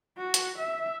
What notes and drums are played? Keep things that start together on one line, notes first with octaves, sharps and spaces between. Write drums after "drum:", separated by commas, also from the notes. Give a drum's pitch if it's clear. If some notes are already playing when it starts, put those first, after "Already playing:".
F#4
drum: hi-hat
E5